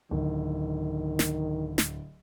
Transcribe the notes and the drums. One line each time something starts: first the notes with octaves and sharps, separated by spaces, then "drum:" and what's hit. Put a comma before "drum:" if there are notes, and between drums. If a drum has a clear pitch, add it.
D1 D#3
drum: snare
drum: snare